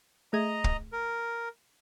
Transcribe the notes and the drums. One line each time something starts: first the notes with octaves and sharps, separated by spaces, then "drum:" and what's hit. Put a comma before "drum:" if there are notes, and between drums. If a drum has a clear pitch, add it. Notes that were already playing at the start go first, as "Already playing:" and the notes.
A3 G#4 D#5 A#5 G#6
drum: kick
A#4